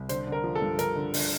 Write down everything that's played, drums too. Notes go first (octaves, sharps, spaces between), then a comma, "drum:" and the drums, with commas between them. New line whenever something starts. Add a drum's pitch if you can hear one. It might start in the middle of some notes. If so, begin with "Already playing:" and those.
Already playing: C2
D3 C5, drum: hi-hat
D3
A#4
F3
A4
G2
D3 A#4, drum: hi-hat
D3
D3, drum: open hi-hat